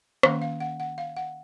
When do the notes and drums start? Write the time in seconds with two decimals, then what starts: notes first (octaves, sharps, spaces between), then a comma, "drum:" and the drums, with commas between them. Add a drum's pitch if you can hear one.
0.23 D#3 A#3 C#4 F5, drum: rim click
0.42 F5
0.60 F#5
0.80 F#5
0.98 F5
1.17 F#5